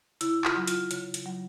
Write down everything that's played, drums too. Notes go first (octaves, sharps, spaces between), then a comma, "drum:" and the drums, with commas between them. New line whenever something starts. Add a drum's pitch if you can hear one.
C#3 E4, drum: hi-hat
F4, drum: clap
F#3
F4, drum: hi-hat
C#3, drum: hi-hat
drum: hi-hat
F#3